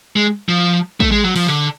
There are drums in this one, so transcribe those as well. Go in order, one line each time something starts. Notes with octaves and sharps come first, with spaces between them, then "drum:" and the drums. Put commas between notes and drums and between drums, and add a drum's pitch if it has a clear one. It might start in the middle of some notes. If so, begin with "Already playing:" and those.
G#3
F3
A3, drum: kick
G#3
F#3
F3, drum: open hi-hat
D3